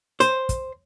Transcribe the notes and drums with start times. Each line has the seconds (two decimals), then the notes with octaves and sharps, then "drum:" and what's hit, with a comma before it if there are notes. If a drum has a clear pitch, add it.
0.20 C5, drum: hi-hat
0.49 drum: kick, hi-hat